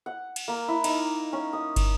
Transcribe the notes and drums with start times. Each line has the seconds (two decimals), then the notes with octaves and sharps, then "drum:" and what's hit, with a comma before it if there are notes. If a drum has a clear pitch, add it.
0.06 F#5
0.36 drum: cymbal
0.48 A#3
0.68 E4
0.84 D#4, drum: cymbal
1.33 C#4
1.53 D#6
1.76 drum: kick, cymbal